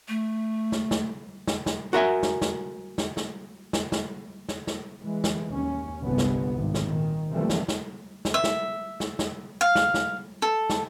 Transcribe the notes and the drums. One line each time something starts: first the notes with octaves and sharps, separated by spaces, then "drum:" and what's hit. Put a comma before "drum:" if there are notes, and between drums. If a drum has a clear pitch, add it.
A3
drum: snare
drum: snare
drum: snare
drum: snare
F#4 A#4 E5 G#5
drum: snare
drum: snare
drum: snare
drum: snare
drum: snare
drum: snare
drum: snare
drum: snare
E3 G#3
drum: snare
D#2 C#4
G1 C2 B3
drum: snare
G#1
drum: snare
A#2 D#3
C3 E3 F3 G3 A3 A#3
drum: snare
drum: snare
drum: snare
E5
drum: snare
drum: snare
drum: snare
F5
drum: snare
drum: snare
A4
drum: snare